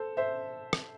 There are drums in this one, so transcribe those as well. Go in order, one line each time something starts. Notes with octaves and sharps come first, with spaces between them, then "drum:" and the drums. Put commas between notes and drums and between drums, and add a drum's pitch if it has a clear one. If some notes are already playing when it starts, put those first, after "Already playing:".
Already playing: A4 C5
C5 E5
drum: rim click